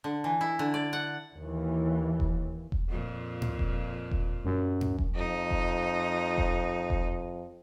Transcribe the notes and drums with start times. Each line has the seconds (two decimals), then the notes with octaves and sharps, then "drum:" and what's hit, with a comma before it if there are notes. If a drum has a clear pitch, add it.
0.04 D3
0.24 E3
0.41 E4
0.59 D3
0.74 D5
0.93 F#5
1.38 D#2 E3
2.20 drum: kick E1
2.72 drum: kick E1
2.88 F2 A#2
3.42 drum: tom G#2
3.59 drum: kick E1
4.11 drum: kick E1
4.45 F#2
4.81 drum: tom G#2
4.98 drum: kick E1
5.16 F2 D#4
5.51 drum: kick E1
6.38 drum: kick E1
6.90 drum: kick E1